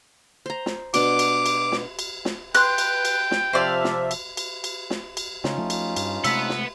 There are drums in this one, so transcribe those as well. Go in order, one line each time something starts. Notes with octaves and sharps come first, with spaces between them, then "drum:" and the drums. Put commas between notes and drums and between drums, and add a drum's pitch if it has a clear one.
C5 A#5
drum: snare
B2 D4 D6, drum: cymbal
drum: cymbal
drum: cymbal
drum: snare
drum: cymbal
drum: snare
B4 G5 C6 F#6, drum: cymbal
drum: cymbal
drum: cymbal
drum: snare
C3 F3 C5 D5 E5 F5
drum: snare
drum: cymbal
drum: cymbal
drum: cymbal
drum: snare
drum: cymbal
C#3 C#4 D#4 F4, drum: snare
F3 A3
drum: cymbal
G2, drum: cymbal
C3 G#3 A3 B4 F#5 E6 B6, drum: cymbal
drum: snare